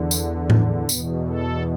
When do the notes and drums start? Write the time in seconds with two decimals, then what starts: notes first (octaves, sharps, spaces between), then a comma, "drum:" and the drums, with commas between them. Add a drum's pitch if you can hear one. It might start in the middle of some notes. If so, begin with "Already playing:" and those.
Already playing: E2 D3
0.11 drum: tambourine
0.50 D4, drum: tom A2
0.89 E2 B2 B3, drum: tambourine
1.28 A4